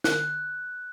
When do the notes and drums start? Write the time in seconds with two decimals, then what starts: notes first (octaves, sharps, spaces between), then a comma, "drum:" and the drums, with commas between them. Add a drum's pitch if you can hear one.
0.04 F#6, drum: snare